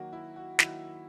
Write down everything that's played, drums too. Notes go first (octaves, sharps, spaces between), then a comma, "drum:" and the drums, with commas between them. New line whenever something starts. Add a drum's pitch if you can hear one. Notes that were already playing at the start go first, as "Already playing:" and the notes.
Already playing: D#3 F#3 A#3 F#4
E4
F#4
D#3 F#3 A#3 E4, drum: snare